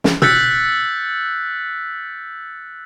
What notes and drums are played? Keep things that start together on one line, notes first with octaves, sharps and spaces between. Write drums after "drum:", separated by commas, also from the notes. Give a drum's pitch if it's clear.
drum: snare
E6 F#6 G6 A6 B6 C#7, drum: tom